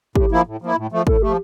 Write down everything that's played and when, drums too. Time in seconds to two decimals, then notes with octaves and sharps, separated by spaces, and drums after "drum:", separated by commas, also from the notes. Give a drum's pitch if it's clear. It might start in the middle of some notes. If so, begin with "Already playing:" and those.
0.16 A2 G4, drum: kick
0.32 F3 A#3 E4
0.47 A2
0.62 F3 A#3 E4
0.77 A2
0.92 F3 A3
1.07 A2 A4, drum: kick
1.22 F3 A3 G4